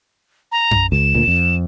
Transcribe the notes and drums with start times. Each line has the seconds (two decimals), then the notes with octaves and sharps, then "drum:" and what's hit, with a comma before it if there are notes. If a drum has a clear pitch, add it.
0.52 A#5
0.71 drum: tom F#2
0.92 C#2 E7
1.15 D2 A#2
1.28 F2